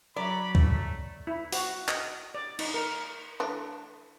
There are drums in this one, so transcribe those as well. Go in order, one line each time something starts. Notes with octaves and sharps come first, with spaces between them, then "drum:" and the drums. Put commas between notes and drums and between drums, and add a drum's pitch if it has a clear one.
F#3 D5 A#5 B5
A3, drum: kick
E4
F#4, drum: open hi-hat
D#5, drum: clap
D5
D#4, drum: cymbal
A#4
E3 A3 D4